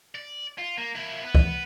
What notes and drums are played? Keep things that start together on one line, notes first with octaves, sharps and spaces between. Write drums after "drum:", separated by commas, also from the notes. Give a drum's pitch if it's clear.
D5
F4
A#3
A#3 E4
B3
drum: kick